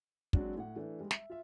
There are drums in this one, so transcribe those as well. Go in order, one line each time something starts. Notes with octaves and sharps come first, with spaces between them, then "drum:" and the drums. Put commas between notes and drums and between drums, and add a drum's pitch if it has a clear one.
F#3 G#3 C4 D4 F#4, drum: kick
A2 F#5
E3 A3 D4
G3 G#3
E5, drum: snare
F4 E5